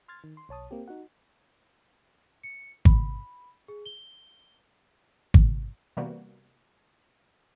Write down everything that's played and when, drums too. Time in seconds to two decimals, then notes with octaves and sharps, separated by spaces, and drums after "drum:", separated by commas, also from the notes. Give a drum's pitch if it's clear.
0.08 C6 F6 G#6 A6
0.24 D#3
0.37 C6
0.49 B1 C#5 A5 D#6
0.71 A#3 C4 G4
0.88 D#4 F#4 F#5
2.43 C#7
2.85 B5, drum: kick G#1
3.68 G#4
3.86 G7
5.34 drum: kick G#1
5.97 C3 E3 G3 A#3 B3 F#4